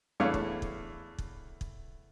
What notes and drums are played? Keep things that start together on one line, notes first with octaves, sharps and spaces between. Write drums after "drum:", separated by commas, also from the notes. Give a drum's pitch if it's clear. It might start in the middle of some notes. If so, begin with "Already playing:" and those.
E2 A3 D4 E4 C#5 F5
drum: kick
drum: kick
drum: kick
drum: kick